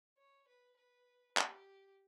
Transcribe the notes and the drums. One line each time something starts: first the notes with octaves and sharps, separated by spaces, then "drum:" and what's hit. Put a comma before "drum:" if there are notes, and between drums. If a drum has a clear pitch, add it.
C#5
B4
B4
G4, drum: clap